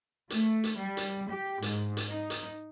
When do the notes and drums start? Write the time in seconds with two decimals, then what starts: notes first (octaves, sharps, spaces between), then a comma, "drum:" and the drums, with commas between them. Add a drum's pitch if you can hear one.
0.30 A3, drum: hi-hat
0.64 drum: hi-hat
0.76 G3
0.97 drum: hi-hat
1.28 G4
1.62 G#2, drum: hi-hat
1.97 drum: hi-hat
2.09 D#4
2.30 drum: hi-hat